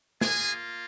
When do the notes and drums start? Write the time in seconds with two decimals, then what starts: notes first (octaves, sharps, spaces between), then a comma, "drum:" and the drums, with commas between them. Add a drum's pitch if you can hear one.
0.21 A#3 F4 G#4 G#5, drum: snare